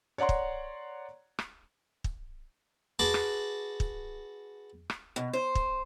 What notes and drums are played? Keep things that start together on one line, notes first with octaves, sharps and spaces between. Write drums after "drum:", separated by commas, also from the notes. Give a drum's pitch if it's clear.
C#5 D5 F#5 A#5 C6
drum: kick
drum: rim click
drum: kick
F#4 G#4 B4 A5 C6 D6
drum: rim click
drum: kick
drum: rim click
B2
C5
drum: kick